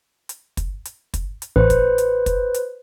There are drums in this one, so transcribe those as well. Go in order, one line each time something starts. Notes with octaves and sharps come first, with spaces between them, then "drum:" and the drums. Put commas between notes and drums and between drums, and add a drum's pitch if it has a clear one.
drum: hi-hat
drum: kick, hi-hat
drum: hi-hat
drum: kick, hi-hat
drum: hi-hat
A1 B4 C5
drum: kick, hi-hat
drum: hi-hat
drum: kick, hi-hat
drum: hi-hat